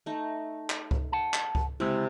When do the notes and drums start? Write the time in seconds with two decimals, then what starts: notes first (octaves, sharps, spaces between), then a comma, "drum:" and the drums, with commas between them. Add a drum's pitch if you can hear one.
0.06 A3 D#4
0.70 drum: clap
0.91 drum: kick C#2
1.12 F#5 A5
1.34 drum: clap
1.55 drum: kick C#2
1.80 C#2 C3 G#3 E4